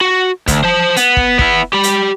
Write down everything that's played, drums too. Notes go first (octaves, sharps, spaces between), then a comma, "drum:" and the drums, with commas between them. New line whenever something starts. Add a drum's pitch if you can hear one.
F#4
D2, drum: kick, hi-hat
C5 A5
B3, drum: hi-hat
drum: kick
B3 E4, drum: kick
G4 B5
drum: hi-hat